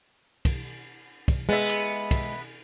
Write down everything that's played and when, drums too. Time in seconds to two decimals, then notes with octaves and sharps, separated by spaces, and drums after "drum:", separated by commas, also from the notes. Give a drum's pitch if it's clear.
0.45 drum: kick, cymbal
1.28 drum: kick, cymbal
1.49 G#3 B3 E5
1.69 drum: cymbal
2.11 drum: kick, cymbal